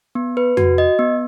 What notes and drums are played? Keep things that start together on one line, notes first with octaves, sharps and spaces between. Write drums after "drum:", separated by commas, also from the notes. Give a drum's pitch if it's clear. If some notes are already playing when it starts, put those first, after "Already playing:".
B3
B4
F#4, drum: tom F2
D#5
B3